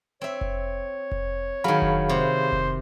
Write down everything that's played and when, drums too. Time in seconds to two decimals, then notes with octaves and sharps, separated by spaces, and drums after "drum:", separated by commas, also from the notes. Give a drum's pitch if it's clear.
0.21 C4 C#5 E5
0.41 drum: kick F1
1.12 drum: kick F1
1.64 D#3 F#3 G#4 F5 B5
1.82 drum: kick F1
2.09 C3 C5
2.52 drum: kick F1